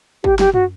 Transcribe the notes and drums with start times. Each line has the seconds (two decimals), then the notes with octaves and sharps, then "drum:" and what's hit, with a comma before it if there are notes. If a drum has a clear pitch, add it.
0.24 G4, drum: kick
0.39 G4, drum: snare
0.54 F#4, drum: tom